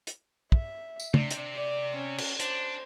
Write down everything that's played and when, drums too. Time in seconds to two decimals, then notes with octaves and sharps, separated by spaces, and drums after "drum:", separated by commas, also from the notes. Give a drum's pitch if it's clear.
0.07 drum: hi-hat
0.52 E5, drum: kick
1.00 drum: tambourine
1.14 C3 D4, drum: tom C#3
1.31 drum: hi-hat
1.54 D5
1.97 C#4
2.18 drum: cymbal
2.40 D4 C5, drum: hi-hat